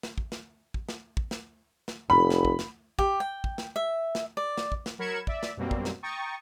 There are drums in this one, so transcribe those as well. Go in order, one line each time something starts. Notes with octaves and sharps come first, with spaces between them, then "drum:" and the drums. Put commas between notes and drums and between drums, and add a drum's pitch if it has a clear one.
drum: snare
drum: kick
drum: snare
drum: kick
drum: snare
drum: kick
drum: snare
drum: snare
F1 B5
drum: snare
drum: kick
drum: snare
G4, drum: kick
G5
drum: kick
drum: snare
E5
drum: snare
D5
drum: snare
drum: kick
drum: snare
F#3 A#4 B5 G#6 C#7 E7
D5 E5, drum: kick
drum: snare
F#2 B2 G3 A#3 C4
drum: kick
drum: snare
G5 A#5 C#6 D#6 A6